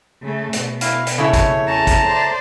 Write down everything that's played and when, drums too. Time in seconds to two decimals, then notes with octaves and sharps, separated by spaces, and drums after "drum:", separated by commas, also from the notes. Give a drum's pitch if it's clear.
0.22 C#3 A3
0.53 B2, drum: hi-hat
0.81 E4 F5, drum: hi-hat
1.07 drum: hi-hat
1.18 C#3 A3 E4 C#5
1.33 drum: kick, hi-hat
1.67 E2 C#4 A5 A#5
1.87 drum: kick, hi-hat
2.07 C5 D5